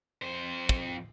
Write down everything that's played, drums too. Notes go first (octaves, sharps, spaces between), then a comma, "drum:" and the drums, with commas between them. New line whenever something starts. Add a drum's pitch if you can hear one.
F2 C5
drum: kick